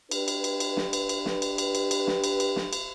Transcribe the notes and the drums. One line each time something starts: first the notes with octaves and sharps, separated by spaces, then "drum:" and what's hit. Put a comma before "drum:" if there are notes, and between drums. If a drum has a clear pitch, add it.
D4 G4 B4, drum: cymbal
drum: cymbal
drum: cymbal
drum: cymbal
drum: snare
drum: cymbal
drum: cymbal
drum: snare
drum: cymbal
drum: cymbal
drum: cymbal
drum: cymbal
drum: snare
drum: cymbal
drum: cymbal
drum: snare
drum: cymbal